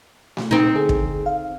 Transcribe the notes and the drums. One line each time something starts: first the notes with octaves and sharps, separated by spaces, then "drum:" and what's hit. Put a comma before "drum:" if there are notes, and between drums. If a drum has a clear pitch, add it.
drum: snare A3
A#2 C4 D#4
D3 G#4 A4
drum: kick
F5